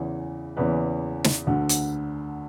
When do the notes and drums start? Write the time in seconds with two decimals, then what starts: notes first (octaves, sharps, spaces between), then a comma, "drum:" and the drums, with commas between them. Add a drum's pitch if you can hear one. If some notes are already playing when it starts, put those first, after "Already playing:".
Already playing: E2 C#3 E3
0.57 E2 C#3 E3 B4
1.24 drum: snare
1.47 D2 D3
1.69 drum: hi-hat